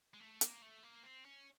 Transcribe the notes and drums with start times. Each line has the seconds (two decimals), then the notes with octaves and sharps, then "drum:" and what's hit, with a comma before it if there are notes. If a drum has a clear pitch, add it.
0.14 G#3
0.20 A3
0.41 A#3, drum: hi-hat
0.62 A3
0.84 A#3
1.04 C4
1.25 C#4